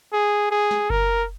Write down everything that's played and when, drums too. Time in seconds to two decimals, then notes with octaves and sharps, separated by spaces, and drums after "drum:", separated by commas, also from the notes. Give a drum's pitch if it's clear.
0.13 G#4
0.51 G#4
0.71 drum: snare
0.90 A#4, drum: kick F#1